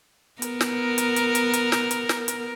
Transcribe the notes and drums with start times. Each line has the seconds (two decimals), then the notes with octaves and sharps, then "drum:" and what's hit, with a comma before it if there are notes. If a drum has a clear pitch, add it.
0.42 B3 A#4, drum: hi-hat
0.61 drum: snare
0.98 drum: hi-hat
1.16 drum: hi-hat
1.35 drum: hi-hat
1.53 drum: hi-hat
1.72 drum: snare
1.91 drum: hi-hat
2.09 drum: snare
2.28 drum: hi-hat